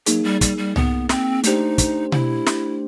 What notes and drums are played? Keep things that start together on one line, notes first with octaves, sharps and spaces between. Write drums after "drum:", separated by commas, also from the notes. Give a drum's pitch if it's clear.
F#3 A#3 D#4 G#4, drum: hi-hat
G3
G3, drum: kick, hi-hat
G3
B3, drum: tom C2
C4, drum: snare
A3 D4 D#4 G4 C5, drum: hi-hat
drum: kick, hi-hat
E4, drum: tom B2
drum: snare